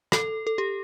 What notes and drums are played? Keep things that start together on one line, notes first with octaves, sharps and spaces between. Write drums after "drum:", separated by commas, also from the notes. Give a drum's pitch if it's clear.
A4, drum: rim click
A4
G4